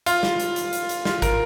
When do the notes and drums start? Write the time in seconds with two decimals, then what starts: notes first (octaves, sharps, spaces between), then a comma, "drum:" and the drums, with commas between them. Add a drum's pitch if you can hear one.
0.06 F4, drum: hi-hat
0.23 drum: snare
0.40 drum: hi-hat
0.56 drum: hi-hat
0.73 drum: hi-hat
0.89 drum: hi-hat
1.05 F4, drum: snare
1.22 A#4, drum: kick, hi-hat